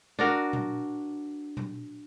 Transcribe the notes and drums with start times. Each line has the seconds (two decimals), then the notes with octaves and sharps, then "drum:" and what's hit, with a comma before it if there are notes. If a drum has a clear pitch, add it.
0.19 D4 F#4 A#4
0.53 drum: tom A#2
1.57 drum: tom A#2